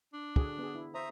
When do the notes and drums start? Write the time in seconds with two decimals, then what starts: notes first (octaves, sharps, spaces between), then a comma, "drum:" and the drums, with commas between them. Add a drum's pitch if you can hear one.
0.13 D4
0.36 D3 F#4 G#4, drum: kick
0.59 B3 G#4
0.75 E4
0.95 C5 E5 A#5 D#6